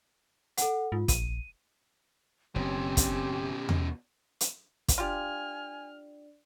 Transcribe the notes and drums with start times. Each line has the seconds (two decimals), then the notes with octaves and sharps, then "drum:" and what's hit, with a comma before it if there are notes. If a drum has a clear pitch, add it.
0.57 A4 F#5, drum: hi-hat
0.92 G#2 F4
1.08 A#1 D#7, drum: kick, hi-hat
2.56 F#1 B2 C4 C#4 G4
2.97 drum: kick, hi-hat
3.69 drum: tom E2
4.41 drum: hi-hat
4.88 drum: kick, hi-hat
4.98 D4 F4 G4 D5 G#5 F6 F7